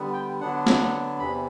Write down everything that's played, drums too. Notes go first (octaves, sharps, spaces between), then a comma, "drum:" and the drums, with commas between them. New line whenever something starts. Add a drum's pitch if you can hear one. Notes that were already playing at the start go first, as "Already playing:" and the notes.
Already playing: D3 G3 B3
G5
D3 F#3 B3 D4 F#5
drum: snare
F#5
E2 C3 E3 B5